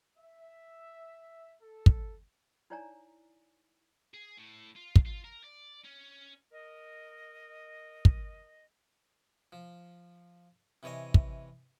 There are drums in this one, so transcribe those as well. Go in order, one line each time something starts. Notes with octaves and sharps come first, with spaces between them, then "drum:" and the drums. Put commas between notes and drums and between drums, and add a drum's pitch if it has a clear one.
E5
A4
drum: kick
D#4 E4 C#5 D5 G#5 A#5
G#4
A2
F4
drum: kick
F4
A#4
D5
C#4
A#4 D#5
drum: kick
F3
C3 E3 C#5 D#5 G#5
drum: kick